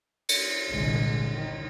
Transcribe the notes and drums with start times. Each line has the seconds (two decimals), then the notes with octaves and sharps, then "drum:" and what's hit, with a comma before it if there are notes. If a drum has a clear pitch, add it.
0.29 drum: cymbal
0.70 G1 C2 A#2 D3 G#3
1.32 D#3